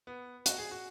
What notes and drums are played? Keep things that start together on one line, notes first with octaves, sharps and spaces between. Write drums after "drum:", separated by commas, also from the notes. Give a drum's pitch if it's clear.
B3
F#4, drum: hi-hat
G#4
F#4